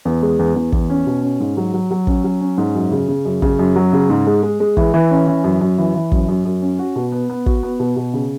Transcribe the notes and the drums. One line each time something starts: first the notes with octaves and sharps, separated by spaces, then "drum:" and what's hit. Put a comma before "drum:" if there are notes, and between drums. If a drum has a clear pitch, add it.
E2
G#3
E2
E2
E2, drum: kick
C#4
B2
C#4
G#2
F#3
F#3
F#3
C#4, drum: kick
F#3
C#4
G#2
F#2
C#3
C#3
F#2
C#3, drum: kick
F#2
F#3
C#3
G#2
G#3
G#3
G#3
E3, drum: kick
E3
C#4
E3
F#2
F#2
E3
E3
F#2, drum: kick
F#2
F#2
C#4
F#4
B2
B3
B3
F#4, drum: kick
B3
B2
B2
C#3